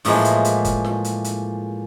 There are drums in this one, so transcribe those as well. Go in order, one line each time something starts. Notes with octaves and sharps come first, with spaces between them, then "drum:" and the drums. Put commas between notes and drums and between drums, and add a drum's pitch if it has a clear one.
A2 E3 F3 G#3 A#3, drum: open hi-hat
drum: hi-hat
drum: hi-hat
drum: kick, hi-hat
drum: snare
drum: hi-hat
drum: hi-hat